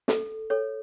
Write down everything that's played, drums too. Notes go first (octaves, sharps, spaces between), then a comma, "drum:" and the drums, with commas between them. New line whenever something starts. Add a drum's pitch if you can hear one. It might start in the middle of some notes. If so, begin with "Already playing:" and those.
A4, drum: snare
A4 C#5